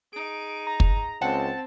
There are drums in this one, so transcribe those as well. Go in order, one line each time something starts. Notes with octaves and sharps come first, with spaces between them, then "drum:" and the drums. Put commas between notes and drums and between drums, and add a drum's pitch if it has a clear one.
D#4 G#4 D7
A#5
drum: kick
C#2 C4 C5 F#5 G5 A5